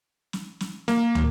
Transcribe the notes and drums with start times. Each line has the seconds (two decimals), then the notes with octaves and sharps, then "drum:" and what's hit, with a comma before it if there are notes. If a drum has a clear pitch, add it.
0.33 drum: snare
0.60 drum: snare
0.88 A#3, drum: snare
1.15 drum: tom